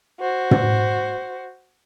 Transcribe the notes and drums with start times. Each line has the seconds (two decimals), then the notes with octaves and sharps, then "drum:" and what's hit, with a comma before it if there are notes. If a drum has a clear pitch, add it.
0.20 F#4 C5
0.51 drum: tom